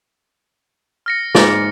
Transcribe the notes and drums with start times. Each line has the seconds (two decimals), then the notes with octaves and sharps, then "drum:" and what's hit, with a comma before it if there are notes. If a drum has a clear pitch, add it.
1.06 F6 A#6 C#7
1.35 G#2 D5, drum: snare